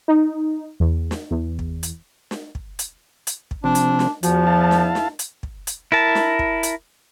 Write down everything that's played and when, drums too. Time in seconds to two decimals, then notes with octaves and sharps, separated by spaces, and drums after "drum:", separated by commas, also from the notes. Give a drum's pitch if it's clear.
0.08 D#4
0.80 E2
1.11 drum: snare
1.31 E2
1.59 drum: kick
1.83 drum: hi-hat
2.31 drum: snare
2.55 drum: kick
2.79 drum: hi-hat
3.27 drum: hi-hat
3.51 drum: kick
3.64 C3 F3 C4 D4
3.75 drum: hi-hat
3.99 drum: snare
4.23 E2 F3 F4 F#4, drum: hi-hat
4.47 E4 F5 A5
4.71 drum: snare
4.95 drum: snare
5.19 drum: hi-hat
5.43 drum: kick
5.67 drum: hi-hat
5.92 E4 A#4 A5
6.15 drum: snare
6.39 drum: kick
6.63 drum: hi-hat